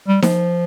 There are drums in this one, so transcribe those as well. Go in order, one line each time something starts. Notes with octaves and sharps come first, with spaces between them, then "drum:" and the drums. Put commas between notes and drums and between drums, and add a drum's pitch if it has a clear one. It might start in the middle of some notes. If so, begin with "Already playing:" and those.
G3
F3, drum: snare D#4